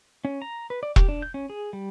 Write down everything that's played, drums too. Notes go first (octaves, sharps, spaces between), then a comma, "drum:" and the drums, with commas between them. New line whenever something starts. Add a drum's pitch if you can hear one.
C#4
A#5
B4
D5
G4, drum: kick E1
D4
G6
C#4
G#4
G3